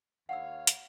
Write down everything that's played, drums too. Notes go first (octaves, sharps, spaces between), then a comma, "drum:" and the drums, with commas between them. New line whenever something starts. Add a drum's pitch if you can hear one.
D#2 C#5 F5 F#5 E6
drum: hi-hat